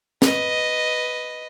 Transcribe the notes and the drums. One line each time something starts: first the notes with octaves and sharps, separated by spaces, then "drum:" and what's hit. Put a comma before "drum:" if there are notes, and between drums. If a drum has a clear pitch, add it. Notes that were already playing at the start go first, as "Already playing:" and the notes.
B4 D#5, drum: snare